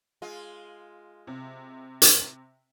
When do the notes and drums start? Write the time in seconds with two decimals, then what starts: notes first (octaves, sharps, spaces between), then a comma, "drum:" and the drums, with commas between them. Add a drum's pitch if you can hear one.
0.22 G#3 F4
1.27 C3
2.02 drum: hi-hat